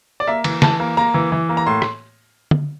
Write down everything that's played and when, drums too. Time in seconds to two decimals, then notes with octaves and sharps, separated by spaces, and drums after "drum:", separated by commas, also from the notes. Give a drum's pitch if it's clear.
0.20 D5
0.27 A#3 E5
0.44 E3, drum: cymbal
0.62 E3 A5, drum: snare
0.80 A#3
0.97 A#3 A#5
1.14 E3
1.32 E3
1.49 A#3
1.57 A#5
1.66 A2 C6
1.82 drum: rim click
2.51 drum: tom D3